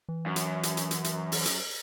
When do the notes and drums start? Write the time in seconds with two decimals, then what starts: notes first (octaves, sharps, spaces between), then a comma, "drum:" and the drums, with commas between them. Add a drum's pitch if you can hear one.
0.09 E3
0.26 F#2
0.36 drum: hi-hat
0.63 drum: hi-hat
0.77 drum: hi-hat
0.91 drum: hi-hat
1.04 drum: hi-hat
1.32 drum: open hi-hat
1.46 drum: hi-hat